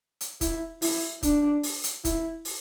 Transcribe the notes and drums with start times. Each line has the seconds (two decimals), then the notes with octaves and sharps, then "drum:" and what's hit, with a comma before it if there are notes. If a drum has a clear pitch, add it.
0.21 drum: hi-hat
0.41 E4, drum: kick, hi-hat
0.82 E4, drum: open hi-hat
1.23 D4, drum: kick, hi-hat
1.63 drum: open hi-hat
1.84 drum: hi-hat
2.05 E4, drum: kick, hi-hat
2.45 drum: open hi-hat